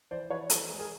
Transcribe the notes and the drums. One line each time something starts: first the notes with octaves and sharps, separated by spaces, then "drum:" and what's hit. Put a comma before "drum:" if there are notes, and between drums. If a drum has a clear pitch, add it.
E3 C5 D5
E3 B4 C#5
E3 A4 B4, drum: hi-hat
G#3
G#4 A#4